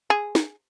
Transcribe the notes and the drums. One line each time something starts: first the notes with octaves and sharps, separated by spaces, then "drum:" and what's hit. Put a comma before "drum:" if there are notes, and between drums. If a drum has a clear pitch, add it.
G#4
drum: snare